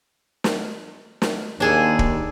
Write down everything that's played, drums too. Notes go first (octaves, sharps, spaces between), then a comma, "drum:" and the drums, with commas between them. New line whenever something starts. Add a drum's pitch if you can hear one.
drum: snare
drum: snare
D#2 D4 G#4 A4
drum: kick